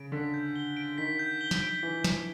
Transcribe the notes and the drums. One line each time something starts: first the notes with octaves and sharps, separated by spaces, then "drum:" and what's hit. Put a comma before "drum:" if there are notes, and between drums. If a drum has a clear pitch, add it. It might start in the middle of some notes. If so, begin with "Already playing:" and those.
Already playing: C#3 D7
D3 B6
G6
G7
D7
D#3 B6
G6
G7
drum: snare
D7
E3 B6
G6, drum: snare